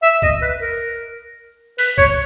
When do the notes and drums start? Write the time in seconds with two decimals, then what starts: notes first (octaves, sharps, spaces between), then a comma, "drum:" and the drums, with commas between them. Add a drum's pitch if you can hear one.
0.02 E5
0.22 D#5, drum: kick
0.42 B4
0.61 A#4
1.78 B4, drum: open hi-hat
1.98 C#5, drum: kick